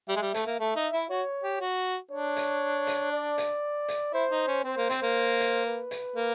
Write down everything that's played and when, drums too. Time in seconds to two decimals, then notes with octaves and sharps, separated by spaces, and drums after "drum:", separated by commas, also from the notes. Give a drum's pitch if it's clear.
0.08 G3 E5
0.16 G#3
0.22 G3
0.34 A3, drum: hi-hat
0.47 A#3
0.59 A3 E5
0.76 D#4
0.93 E4
1.10 F#4 C#5
1.44 G4
1.61 F#4
2.11 D4 C#5
2.37 drum: hi-hat
2.87 drum: hi-hat
3.12 D5
3.38 drum: hi-hat
3.88 drum: hi-hat
4.13 E4 C5
4.31 D#4
4.48 C#4
4.64 C4 C5
4.77 A#3
4.90 C4, drum: hi-hat
5.02 A#3
5.40 drum: hi-hat
5.66 B4
5.91 drum: hi-hat
6.16 A#3